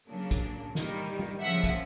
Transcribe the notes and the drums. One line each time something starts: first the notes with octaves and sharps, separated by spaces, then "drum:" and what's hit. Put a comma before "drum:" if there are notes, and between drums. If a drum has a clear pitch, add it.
C#3 F#3 A#3 D4
drum: kick, hi-hat
D#3 G3 A#3, drum: snare
drum: tom G3
C#3 F3 A#3 E5 F#5
drum: kick, hi-hat